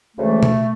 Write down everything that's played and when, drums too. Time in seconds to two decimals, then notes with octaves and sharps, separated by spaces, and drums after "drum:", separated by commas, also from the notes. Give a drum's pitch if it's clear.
0.17 D2 C#3 E3 G#3 A3
0.43 drum: tom B2